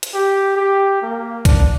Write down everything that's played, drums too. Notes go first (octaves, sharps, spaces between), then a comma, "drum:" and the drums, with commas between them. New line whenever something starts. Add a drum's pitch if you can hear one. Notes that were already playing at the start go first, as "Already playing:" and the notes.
drum: hi-hat
G4
G4
A#3
D4, drum: kick, hi-hat